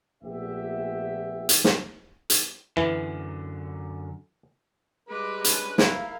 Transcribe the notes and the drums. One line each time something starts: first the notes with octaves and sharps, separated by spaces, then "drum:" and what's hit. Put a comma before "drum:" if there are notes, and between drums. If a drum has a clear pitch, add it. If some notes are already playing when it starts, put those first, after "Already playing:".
A#1 A#2 A3 B3 G4 E5
drum: hi-hat
drum: snare
drum: hi-hat
F#2 D3 E3
G3 G#3 B4 B5 D6
C#4 D4, drum: hi-hat
E4 A#4 F5, drum: snare